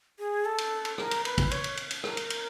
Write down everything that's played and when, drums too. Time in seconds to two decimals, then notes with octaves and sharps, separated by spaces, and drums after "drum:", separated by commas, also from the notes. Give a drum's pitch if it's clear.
0.19 G#4
0.45 A4
0.58 drum: cymbal
0.85 drum: cymbal
0.98 A#4, drum: rim click
1.11 drum: cymbal
1.25 B4, drum: cymbal
1.38 drum: kick, cymbal
1.51 C#5, drum: cymbal
1.64 drum: cymbal
1.77 drum: cymbal
1.91 drum: cymbal
2.04 A#4, drum: rim click
2.17 drum: cymbal
2.30 drum: cymbal